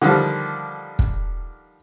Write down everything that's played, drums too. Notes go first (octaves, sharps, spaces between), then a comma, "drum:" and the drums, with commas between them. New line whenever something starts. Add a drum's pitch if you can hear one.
D3 D#3 F3 G3
drum: kick